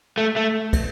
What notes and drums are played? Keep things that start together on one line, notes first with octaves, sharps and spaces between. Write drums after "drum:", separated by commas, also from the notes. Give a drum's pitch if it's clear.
A3
A3
drum: kick, cymbal